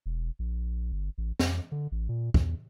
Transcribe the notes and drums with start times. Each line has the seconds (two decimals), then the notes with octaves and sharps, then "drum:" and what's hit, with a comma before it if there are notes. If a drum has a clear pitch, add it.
0.06 E1
0.39 A#1
0.92 G1
1.18 A1
1.39 F2, drum: snare
1.72 D3
1.92 A1
2.09 A#2
2.34 E2, drum: kick